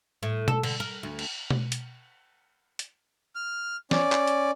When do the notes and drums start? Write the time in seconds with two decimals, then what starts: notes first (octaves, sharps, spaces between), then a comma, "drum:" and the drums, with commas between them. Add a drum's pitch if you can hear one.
0.23 A2
0.48 A4, drum: tom B2
0.63 D3, drum: cymbal
0.80 A#4
1.03 D2
1.19 drum: cymbal
1.50 drum: tom B2
1.72 drum: hi-hat
2.79 drum: hi-hat
3.35 F6
3.91 C#4 D5, drum: snare
4.12 drum: clap
4.28 drum: hi-hat